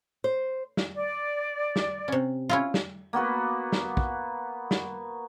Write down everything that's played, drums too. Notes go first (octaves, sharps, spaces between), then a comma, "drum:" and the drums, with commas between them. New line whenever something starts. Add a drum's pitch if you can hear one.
C5
drum: snare
D5
drum: snare
C3 C#4
C#4 E4 F4
drum: snare
A#3 B3 F#4 B4
drum: snare
drum: kick
drum: snare